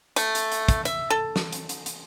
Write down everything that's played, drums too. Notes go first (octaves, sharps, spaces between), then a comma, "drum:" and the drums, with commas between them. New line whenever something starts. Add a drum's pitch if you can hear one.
A3, drum: hi-hat
drum: hi-hat
drum: hi-hat
drum: kick, hi-hat
E5, drum: hi-hat
A4
drum: snare
drum: hi-hat
drum: hi-hat
drum: hi-hat